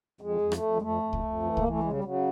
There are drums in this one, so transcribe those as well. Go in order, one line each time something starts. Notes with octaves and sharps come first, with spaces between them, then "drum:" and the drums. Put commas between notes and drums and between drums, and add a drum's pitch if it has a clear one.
F2 G#3
F2
A3, drum: rim click
F2
G#3
F2 A3
F2
drum: kick C2
F2
E3
A#3, drum: kick C2
E3 A3
C#3 G#3
G3
C#3 F#3